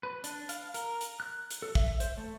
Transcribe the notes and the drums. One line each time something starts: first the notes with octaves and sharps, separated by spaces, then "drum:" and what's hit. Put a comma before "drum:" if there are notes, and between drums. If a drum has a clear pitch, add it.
B4
D4, drum: hi-hat
F5, drum: hi-hat
A#4, drum: hi-hat
drum: hi-hat
F#6
drum: hi-hat
A4
E5, drum: kick
C5, drum: hi-hat
A3